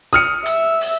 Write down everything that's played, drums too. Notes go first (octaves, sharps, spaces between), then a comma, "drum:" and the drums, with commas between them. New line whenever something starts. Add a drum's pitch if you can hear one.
D#6 F6 C#7
E5, drum: hi-hat
drum: open hi-hat